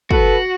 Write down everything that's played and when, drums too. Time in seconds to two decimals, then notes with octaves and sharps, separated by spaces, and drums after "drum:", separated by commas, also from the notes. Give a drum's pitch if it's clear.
0.11 F#4 A4 B4, drum: kick